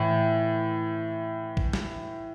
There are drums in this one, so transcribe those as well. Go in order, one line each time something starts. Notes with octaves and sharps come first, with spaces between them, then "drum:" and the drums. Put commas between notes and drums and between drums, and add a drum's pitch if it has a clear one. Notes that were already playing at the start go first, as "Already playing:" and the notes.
Already playing: A2 E3
drum: kick A#1
drum: snare